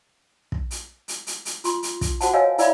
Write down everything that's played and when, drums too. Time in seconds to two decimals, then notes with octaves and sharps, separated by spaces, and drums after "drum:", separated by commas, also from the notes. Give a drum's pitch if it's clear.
0.52 drum: kick
0.71 drum: hi-hat
1.08 drum: hi-hat
1.27 drum: hi-hat
1.45 drum: hi-hat
1.64 F4 C6, drum: hi-hat
1.83 drum: hi-hat
2.01 drum: kick, hi-hat
2.21 F#4 C5 F#5 A5, drum: hi-hat
2.33 A#4 C#5 D#5 F5 G#5
2.58 E4 A#4 D5 E5 F5 B5, drum: hi-hat